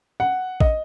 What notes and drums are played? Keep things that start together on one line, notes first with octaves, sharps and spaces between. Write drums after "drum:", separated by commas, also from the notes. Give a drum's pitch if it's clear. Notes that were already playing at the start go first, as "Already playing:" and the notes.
F#5
D#5, drum: kick A1